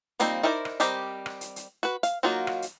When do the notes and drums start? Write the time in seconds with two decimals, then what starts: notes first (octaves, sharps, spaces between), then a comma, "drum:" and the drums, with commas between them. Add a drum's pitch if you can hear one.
0.20 F3 G3 A#3 C4 D#4, drum: hi-hat
0.43 D#4 E4 A#4 C5 D5
0.65 drum: rim click
0.80 G3 C4 G4 A#4 D#5, drum: hi-hat
1.26 drum: rim click
1.41 drum: hi-hat
1.56 drum: hi-hat
1.83 F#4 B4
2.03 F5, drum: hi-hat
2.23 F#3 A#3 D#4 F4 F#4
2.47 drum: rim click
2.62 drum: hi-hat